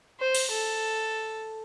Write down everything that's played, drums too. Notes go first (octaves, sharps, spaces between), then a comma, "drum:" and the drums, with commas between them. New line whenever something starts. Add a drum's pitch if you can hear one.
C5
drum: cymbal
A4